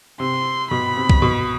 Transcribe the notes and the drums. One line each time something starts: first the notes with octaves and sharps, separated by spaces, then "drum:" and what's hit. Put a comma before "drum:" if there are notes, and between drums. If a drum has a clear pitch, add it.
C3 C6
B2 B5
C3
drum: kick
B2